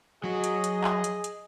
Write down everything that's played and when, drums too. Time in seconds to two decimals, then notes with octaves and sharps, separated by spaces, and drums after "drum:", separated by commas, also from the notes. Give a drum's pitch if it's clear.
0.24 F#3 F#4 G#4 D#5
0.44 drum: hi-hat
0.64 drum: hi-hat
0.84 drum: clap
1.04 drum: hi-hat
1.24 drum: hi-hat